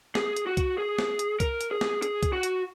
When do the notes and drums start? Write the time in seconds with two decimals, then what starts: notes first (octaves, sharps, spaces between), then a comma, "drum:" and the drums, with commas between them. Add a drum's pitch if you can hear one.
0.15 G#4, drum: snare
0.36 drum: hi-hat
0.47 F#4
0.57 drum: kick C2, hi-hat
0.78 G#4
0.99 drum: snare
1.19 drum: hi-hat
1.40 A#4, drum: kick C2, hi-hat
1.61 drum: hi-hat
1.71 G#4
1.81 drum: snare
2.02 G#4, drum: hi-hat
2.23 drum: kick C2, hi-hat
2.33 F#4
2.43 drum: hi-hat